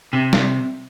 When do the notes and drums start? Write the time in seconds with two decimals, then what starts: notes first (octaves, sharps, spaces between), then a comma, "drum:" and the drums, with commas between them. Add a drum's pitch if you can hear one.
0.13 C3
0.33 drum: snare